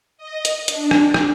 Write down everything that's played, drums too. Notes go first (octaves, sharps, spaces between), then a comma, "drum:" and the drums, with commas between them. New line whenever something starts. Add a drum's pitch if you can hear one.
D#5
drum: hi-hat
D4, drum: hi-hat
drum: rim click
drum: rim click